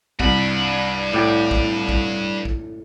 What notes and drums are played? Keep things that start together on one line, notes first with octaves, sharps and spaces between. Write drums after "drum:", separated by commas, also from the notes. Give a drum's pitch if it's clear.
C2 G2 B5, drum: kick
A2 D5 G5
drum: kick
drum: kick
drum: kick